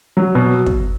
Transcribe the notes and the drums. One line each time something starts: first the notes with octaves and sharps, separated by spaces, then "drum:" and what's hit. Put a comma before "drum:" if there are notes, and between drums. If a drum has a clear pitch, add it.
F#3
B2
drum: kick